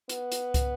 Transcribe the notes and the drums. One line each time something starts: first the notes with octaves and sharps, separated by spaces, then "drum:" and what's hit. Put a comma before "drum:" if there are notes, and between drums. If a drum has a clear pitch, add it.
B3, drum: hi-hat
drum: hi-hat
drum: kick, hi-hat